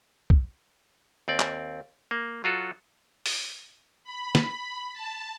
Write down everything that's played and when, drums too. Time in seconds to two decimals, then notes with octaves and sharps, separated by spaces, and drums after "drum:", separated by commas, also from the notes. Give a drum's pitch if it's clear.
0.30 drum: kick
1.28 D#2 C4 D5
1.40 drum: clap
2.11 A#3
2.44 F#3 F4 F#4 A4
3.26 drum: open hi-hat
4.04 B5
4.35 drum: snare
4.93 A5